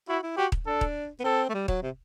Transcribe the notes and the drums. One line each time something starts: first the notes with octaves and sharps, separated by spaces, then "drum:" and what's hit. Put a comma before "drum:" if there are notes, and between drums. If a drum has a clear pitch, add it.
E4 F#4
E4
F#4 G4
drum: kick D#1
D4 A4
drum: kick D#1
B3
C4 A4
A3
G3
F#3, drum: kick D#1
C3